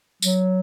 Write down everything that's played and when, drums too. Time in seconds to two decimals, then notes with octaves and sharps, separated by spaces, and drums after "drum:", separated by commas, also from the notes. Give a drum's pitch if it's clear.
0.22 F#3, drum: tambourine